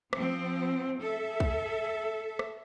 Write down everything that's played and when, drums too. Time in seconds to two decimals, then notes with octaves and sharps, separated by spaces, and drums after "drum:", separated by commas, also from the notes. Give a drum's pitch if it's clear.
0.13 F3 C4, drum: rim click
1.01 A4 E5
1.40 drum: kick
2.39 drum: rim click